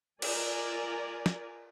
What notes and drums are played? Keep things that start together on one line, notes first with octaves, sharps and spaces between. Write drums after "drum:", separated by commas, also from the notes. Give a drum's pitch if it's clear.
F4 A#4 D5 G#5, drum: cymbal
drum: snare